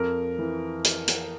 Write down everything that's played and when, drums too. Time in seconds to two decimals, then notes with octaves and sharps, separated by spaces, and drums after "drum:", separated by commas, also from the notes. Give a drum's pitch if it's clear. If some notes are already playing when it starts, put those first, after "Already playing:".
Already playing: F2 A#4
0.39 E3
0.84 drum: hi-hat
1.08 drum: hi-hat